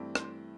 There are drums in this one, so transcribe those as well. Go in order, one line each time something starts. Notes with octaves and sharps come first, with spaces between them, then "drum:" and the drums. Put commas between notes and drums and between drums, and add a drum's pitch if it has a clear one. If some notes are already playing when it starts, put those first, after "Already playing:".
Already playing: G2 E3 A3 C4
C5, drum: rim click